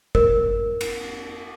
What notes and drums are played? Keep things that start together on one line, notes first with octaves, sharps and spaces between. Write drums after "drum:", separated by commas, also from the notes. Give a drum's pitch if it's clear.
A#4, drum: kick G1
drum: cymbal